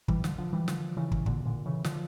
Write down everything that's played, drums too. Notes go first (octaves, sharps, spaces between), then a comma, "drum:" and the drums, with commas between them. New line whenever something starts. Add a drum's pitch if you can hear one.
E3 G3, drum: kick
D3 F3, drum: snare
D3 F3
E3 G3
D3 F3, drum: snare
C#3 E3
drum: kick
A#2 D3, drum: kick
A#2 D3
C#3 E3
D3 F3, drum: snare